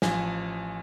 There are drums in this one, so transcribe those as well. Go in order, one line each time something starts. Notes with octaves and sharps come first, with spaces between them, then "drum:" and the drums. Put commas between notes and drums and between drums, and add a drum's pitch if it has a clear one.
A1 F3 G#5, drum: snare